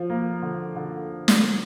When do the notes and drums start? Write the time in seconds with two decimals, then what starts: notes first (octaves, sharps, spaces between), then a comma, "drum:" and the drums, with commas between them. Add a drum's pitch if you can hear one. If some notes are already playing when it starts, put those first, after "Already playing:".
Already playing: F3
0.10 A#3
0.42 D3
0.76 D3
1.28 drum: snare